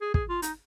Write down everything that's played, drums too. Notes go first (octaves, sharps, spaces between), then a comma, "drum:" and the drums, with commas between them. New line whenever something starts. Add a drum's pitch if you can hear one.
G#4
G#4, drum: kick
F4
D#4, drum: hi-hat